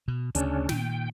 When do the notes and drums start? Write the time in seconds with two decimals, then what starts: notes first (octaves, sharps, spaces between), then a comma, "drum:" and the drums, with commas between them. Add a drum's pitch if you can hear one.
0.08 B2
0.35 D2 C#3 C#4 D4, drum: hi-hat
0.69 A#2 D#3 G5, drum: snare